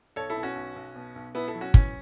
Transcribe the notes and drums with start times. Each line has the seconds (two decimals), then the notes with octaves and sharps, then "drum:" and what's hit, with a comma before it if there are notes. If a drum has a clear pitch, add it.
0.16 B1 A4 C#5
0.30 E4 A4
0.36 B2
0.43 C#4 F#4
0.56 B1
0.76 B1
0.96 B2
1.16 B1
1.35 B2 B3 E4
1.48 E4 A4
1.55 F#3
1.61 C#4 F#4
1.74 E3 C#4, drum: kick